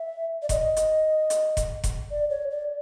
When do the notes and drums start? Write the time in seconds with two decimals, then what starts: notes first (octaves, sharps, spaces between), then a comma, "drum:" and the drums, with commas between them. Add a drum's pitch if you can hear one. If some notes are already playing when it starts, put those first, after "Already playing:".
Already playing: E5
0.42 D5
0.49 D#5, drum: kick F1, hi-hat
0.76 drum: hi-hat
1.30 drum: hi-hat
1.57 drum: kick F1, hi-hat
1.84 drum: kick F1, hi-hat
2.11 D5
2.30 C#5
2.51 D5